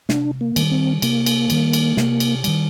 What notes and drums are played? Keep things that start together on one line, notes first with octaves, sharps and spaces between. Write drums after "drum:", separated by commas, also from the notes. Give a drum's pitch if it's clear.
C3 D4, drum: snare
A#3
D#3 G3, drum: cymbal
C4
C3 A#3, drum: cymbal
drum: cymbal
D#3 G3, drum: cymbal
drum: cymbal
C3, drum: snare
drum: cymbal
D#3 G3, drum: cymbal